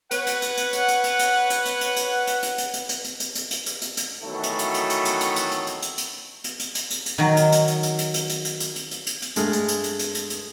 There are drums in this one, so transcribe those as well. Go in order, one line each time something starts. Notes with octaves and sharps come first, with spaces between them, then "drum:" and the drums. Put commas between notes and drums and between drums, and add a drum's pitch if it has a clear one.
B4 C#5 F#5, drum: hi-hat
drum: hi-hat
drum: hi-hat
drum: hi-hat
drum: hi-hat
drum: hi-hat
drum: hi-hat
drum: hi-hat
drum: hi-hat
drum: hi-hat
drum: hi-hat
drum: hi-hat
drum: hi-hat
drum: hi-hat
drum: hi-hat
drum: hi-hat
drum: hi-hat
drum: hi-hat
drum: hi-hat
drum: hi-hat
drum: hi-hat
drum: hi-hat
drum: hi-hat
drum: hi-hat
B2 D#3 E3 F#3 A3
drum: hi-hat
drum: hi-hat
drum: hi-hat
drum: hi-hat
drum: hi-hat
drum: hi-hat
drum: hi-hat
drum: hi-hat
drum: hi-hat
drum: hi-hat
drum: hi-hat
drum: hi-hat
drum: hi-hat
drum: hi-hat
drum: hi-hat
drum: hi-hat
D#3 F#3
drum: hi-hat
drum: hi-hat
drum: hi-hat
drum: hi-hat
drum: hi-hat
drum: hi-hat
drum: hi-hat
drum: hi-hat
drum: hi-hat
drum: hi-hat
drum: hi-hat
drum: hi-hat
drum: hi-hat
G2 G#3 A3 F6, drum: hi-hat
drum: hi-hat
drum: hi-hat
drum: hi-hat
drum: hi-hat
drum: hi-hat
drum: hi-hat